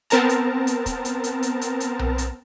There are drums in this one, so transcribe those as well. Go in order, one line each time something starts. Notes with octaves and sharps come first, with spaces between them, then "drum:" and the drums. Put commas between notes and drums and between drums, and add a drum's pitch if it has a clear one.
B3 C4 A#4 A5 A#5, drum: hi-hat
drum: hi-hat
drum: hi-hat
drum: kick, hi-hat
drum: hi-hat
drum: hi-hat
drum: hi-hat
drum: hi-hat
drum: hi-hat
drum: tom B1
drum: hi-hat